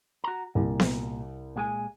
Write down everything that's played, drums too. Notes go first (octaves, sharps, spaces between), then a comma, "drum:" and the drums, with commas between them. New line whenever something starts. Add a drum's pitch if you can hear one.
F#4 A#5
C2 A#2
drum: snare B3
A#2 G#3 G#5